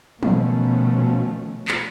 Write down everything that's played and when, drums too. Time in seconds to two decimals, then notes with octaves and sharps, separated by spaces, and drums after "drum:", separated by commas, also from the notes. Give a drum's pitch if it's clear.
0.23 B2 D#3 F3 A3 C#4, drum: tom
1.68 drum: clap